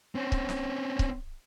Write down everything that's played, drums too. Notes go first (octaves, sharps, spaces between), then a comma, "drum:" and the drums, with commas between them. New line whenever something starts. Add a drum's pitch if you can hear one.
C4 C#4
drum: kick C#1
drum: snare
drum: kick C#1